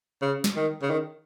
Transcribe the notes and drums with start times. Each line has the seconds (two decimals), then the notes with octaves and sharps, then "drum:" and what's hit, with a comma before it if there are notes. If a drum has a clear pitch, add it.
0.22 C#3
0.44 drum: snare
0.56 D#3
0.82 C#3
0.90 D#3